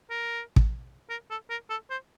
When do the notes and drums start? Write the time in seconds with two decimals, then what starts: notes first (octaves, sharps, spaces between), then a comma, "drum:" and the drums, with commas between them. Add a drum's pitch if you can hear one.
0.10 A#4
0.56 drum: kick
1.10 A#4
1.30 A4
1.50 A#4
1.70 A4
1.90 C5